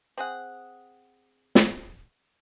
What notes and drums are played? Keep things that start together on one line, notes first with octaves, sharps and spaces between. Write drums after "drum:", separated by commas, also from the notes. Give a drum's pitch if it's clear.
C4 G#4 F#5
drum: snare